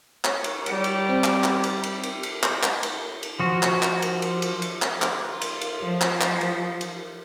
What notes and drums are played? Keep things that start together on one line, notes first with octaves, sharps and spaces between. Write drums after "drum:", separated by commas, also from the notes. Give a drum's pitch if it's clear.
C#5 C#6, drum: clap
drum: cymbal
G3, drum: cymbal
drum: cymbal
C4
drum: clap
drum: clap
drum: cymbal
drum: cymbal
drum: cymbal
drum: cymbal
drum: clap
drum: clap
drum: cymbal
drum: cymbal
F3 F#4
drum: clap
drum: clap
drum: cymbal
drum: cymbal
drum: cymbal
drum: cymbal
drum: clap
drum: clap
F4
drum: cymbal
drum: cymbal
F3
drum: clap
drum: clap
drum: cymbal
drum: cymbal